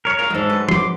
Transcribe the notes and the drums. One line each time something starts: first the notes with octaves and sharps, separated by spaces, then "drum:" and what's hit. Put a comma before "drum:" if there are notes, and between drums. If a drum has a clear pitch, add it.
A#4 C#5
F4 G#4 A#4
G#2 F#3 G#3 A4
B4
C6 D6, drum: tom